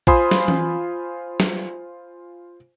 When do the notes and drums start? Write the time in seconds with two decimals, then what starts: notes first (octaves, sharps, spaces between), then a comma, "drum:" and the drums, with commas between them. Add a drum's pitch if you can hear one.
0.07 F4 C5 G#5 B5 C6 D#6, drum: kick
0.31 drum: snare
0.48 drum: tom E3
1.40 drum: snare